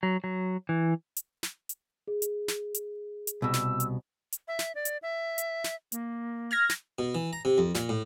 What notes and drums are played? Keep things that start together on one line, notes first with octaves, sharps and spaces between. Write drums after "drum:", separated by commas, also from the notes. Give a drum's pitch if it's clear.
F#3
F#3
E3
drum: hi-hat
drum: snare
drum: hi-hat
G#4
drum: hi-hat
drum: snare
drum: hi-hat
drum: hi-hat
C2 B2 E6
drum: snare
drum: hi-hat
drum: hi-hat
E5
drum: snare
D5
drum: hi-hat
E5
drum: hi-hat
drum: snare
A#3, drum: hi-hat
F6 G#6 A#6
drum: snare
B2
E3
A#5
C3
F2
A#2, drum: snare
A2